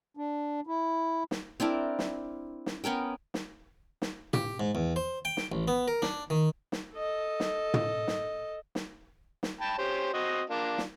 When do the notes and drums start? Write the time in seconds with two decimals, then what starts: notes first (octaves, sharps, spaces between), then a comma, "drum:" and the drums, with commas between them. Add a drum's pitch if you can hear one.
0.17 D4
0.67 E4
1.31 drum: snare
1.60 C4 D4 E4 A#4
1.99 drum: snare
2.66 drum: snare
2.84 B3 C#4 A#4 G5
3.34 drum: snare
4.02 drum: snare
4.33 G4, drum: tom
4.60 G#2
4.75 E2
4.96 C5
5.25 G5
5.37 drum: snare
5.52 A1
5.68 B3
5.88 A#4
6.02 D4, drum: snare
6.30 D#3
6.72 drum: snare
6.94 A4 D#5
7.40 drum: snare
7.74 drum: tom
8.08 drum: snare
8.75 drum: snare
9.43 drum: snare
9.61 G5 A5 B5
9.78 C#4 G4 C5
10.14 C4 F#4 D#5
10.50 A#3 D4 F4
10.78 drum: snare